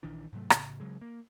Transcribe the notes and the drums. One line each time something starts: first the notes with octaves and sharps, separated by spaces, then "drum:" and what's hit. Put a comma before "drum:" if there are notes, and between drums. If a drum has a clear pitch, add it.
A#1 D#3 E3 D4
G#2 C3 F#3 A3
A2 C#3, drum: rim click
C#3 F#3 G#3
A#3